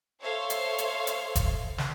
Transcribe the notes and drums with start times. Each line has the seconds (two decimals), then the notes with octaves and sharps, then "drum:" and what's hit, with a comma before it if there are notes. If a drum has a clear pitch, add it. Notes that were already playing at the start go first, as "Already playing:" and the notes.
0.21 A4 C5 C#5 E5 F5 C6
0.50 drum: hi-hat
0.78 drum: hi-hat
1.07 drum: hi-hat
1.35 drum: kick F1, hi-hat
1.78 drum: snare